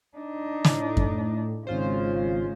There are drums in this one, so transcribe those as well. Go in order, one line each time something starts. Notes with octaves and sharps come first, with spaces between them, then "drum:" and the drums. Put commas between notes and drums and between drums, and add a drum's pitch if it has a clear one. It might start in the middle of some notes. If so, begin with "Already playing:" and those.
D4 D#4
A2, drum: snare
drum: kick F#2
G#1 C#3 G#3 F4 C5